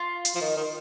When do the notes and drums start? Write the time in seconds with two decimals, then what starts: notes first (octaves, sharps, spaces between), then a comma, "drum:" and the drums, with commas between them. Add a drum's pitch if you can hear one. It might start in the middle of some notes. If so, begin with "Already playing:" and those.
Already playing: F4
0.25 drum: hi-hat
0.35 F3
0.41 D#3
0.57 D#3